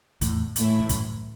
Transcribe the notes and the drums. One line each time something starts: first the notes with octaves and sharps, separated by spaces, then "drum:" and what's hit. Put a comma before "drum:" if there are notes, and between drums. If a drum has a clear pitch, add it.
E2 A2, drum: kick, hi-hat
A2 E3 A3 E4, drum: hi-hat
A2
F#2, drum: kick, hi-hat